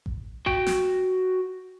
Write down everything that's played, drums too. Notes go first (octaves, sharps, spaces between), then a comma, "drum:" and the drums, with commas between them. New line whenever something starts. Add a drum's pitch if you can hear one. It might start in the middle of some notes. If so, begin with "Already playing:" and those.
drum: kick A1
F#4 G5, drum: kick A1
drum: snare